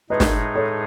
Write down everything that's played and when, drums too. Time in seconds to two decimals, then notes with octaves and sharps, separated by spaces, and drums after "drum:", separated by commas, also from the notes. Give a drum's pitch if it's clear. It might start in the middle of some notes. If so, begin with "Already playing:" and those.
0.10 A2 G#3 D#4 G#4 B4 D#5
0.20 drum: snare
0.55 A4 C#5